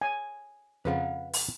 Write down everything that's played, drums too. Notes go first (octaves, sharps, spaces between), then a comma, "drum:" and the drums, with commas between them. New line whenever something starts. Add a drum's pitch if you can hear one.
G#5
F2 C#3 B4 C5 F5 F#5
drum: open hi-hat